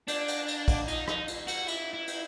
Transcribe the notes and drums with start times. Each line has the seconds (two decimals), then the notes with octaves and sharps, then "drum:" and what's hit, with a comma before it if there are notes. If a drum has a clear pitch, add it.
0.08 D4, drum: cymbal
0.28 drum: cymbal
0.48 drum: cymbal
0.68 drum: kick, cymbal
0.88 D#4, drum: cymbal
1.08 D#4, drum: rim click
1.28 drum: cymbal
1.48 F#4, drum: cymbal
1.68 E4, drum: cymbal
1.94 E4
2.08 drum: cymbal